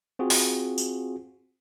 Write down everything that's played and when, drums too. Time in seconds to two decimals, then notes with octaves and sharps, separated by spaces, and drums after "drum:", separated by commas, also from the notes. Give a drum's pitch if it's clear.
0.19 C4 F4 F#4 G#4
0.30 drum: open hi-hat
0.78 drum: tambourine